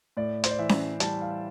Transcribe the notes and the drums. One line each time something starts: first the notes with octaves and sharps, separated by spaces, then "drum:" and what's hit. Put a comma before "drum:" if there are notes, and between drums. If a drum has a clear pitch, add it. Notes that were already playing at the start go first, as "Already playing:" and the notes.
A2 D5
C5, drum: hi-hat
D5
E3 E5
drum: snare C#4
G3 A5, drum: hi-hat
F5